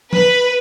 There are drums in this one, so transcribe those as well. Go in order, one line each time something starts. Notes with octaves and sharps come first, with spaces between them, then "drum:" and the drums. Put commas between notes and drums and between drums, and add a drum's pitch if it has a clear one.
B4, drum: tom